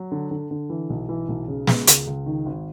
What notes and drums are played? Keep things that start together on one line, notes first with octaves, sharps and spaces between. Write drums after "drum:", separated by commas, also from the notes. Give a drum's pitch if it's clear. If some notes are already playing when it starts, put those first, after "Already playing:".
Already playing: F#3
D3
D3
D3
E3
B1
E3
B1
C#3
G#3, drum: snare
C#2, drum: hi-hat
C#2
D#3
G#1